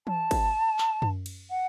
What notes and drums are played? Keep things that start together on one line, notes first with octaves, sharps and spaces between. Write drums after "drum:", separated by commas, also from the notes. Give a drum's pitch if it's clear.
A5, drum: tom E3
drum: kick, cymbal
drum: clap
drum: tom F#2
drum: cymbal
F#5